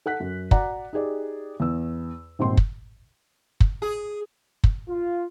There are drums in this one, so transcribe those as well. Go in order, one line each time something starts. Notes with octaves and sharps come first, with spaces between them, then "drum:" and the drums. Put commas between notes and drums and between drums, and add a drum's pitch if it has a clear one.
A4 F#5 F#6 B6
F#2
F#4 D5 F#5 A#5, drum: kick
D#4 G4 G#4 D5
E2 E6
D#1 G#1 C4 G5 C6
drum: kick
drum: kick
G#4
drum: kick
F4